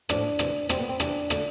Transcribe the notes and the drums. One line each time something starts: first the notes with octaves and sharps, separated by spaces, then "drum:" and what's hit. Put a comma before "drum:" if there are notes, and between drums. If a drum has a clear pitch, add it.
A2 F3 A3 D4, drum: rim click
C3 E3 A3, drum: rim click
C3 G3 C4, drum: rim click
B3
C4
C3 E3 G3 D4, drum: rim click
D3 A3, drum: rim click